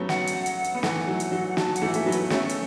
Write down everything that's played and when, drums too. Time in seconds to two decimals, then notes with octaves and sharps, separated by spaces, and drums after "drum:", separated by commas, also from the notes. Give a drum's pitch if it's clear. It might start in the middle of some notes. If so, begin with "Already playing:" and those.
Already playing: F#3 A3 B3 C#4
0.09 F#5, drum: snare
0.27 drum: hi-hat
0.46 drum: hi-hat
0.64 drum: hi-hat
0.75 B3
0.83 E3 A3 F#5, drum: snare
1.08 F#3
1.20 drum: hi-hat
1.32 F#3
1.48 F#5
1.57 F#3 A5, drum: snare
1.76 F#5, drum: hi-hat
1.82 E3 A3
1.94 A3 E5, drum: hi-hat
2.06 F#3 B3
2.12 B4, drum: hi-hat
2.25 F#4
2.30 A3 C#4 A4, drum: snare
2.49 drum: hi-hat